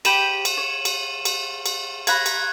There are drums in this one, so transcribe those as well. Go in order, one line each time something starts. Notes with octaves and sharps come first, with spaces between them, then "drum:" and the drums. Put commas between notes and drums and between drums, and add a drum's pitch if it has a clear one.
G4 B5 D#7 E7 F#7, drum: cymbal
drum: cymbal
C#5
drum: cymbal
drum: cymbal
drum: cymbal
F5 A#5 B5 F#6 G#6, drum: cymbal
drum: cymbal